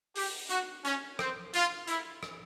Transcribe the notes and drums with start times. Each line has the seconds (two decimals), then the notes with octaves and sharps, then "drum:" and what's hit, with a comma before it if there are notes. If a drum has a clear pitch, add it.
0.16 G4, drum: open hi-hat
0.50 F#4, drum: hi-hat
0.85 C#4, drum: hi-hat
1.19 C4, drum: rim click
1.54 F4, drum: hi-hat
1.88 E4, drum: hi-hat
2.23 drum: rim click